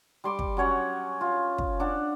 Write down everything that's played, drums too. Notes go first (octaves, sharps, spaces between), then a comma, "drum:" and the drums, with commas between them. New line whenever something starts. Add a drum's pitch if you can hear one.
G3 C6 D6
drum: kick
F#3 C#4 C#5 F#5
F4
drum: kick
D4 F#5